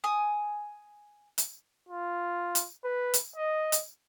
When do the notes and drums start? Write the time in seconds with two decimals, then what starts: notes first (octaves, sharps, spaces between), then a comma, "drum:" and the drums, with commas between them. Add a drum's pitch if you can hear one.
0.04 G#5 D#6
1.38 drum: hi-hat
1.89 F4
2.55 drum: hi-hat
2.84 B4
3.14 drum: hi-hat
3.36 D#5
3.72 drum: hi-hat